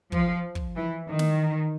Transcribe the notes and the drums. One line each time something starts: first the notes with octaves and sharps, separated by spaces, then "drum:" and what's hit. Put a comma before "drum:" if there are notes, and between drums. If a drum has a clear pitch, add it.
F3, drum: kick
drum: kick
E3
D#3
drum: snare